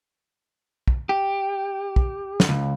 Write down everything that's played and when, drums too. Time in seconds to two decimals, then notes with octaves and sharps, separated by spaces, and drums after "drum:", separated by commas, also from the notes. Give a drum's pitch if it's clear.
0.88 drum: kick
1.09 G4
1.96 drum: kick
2.40 drum: snare
2.49 C#2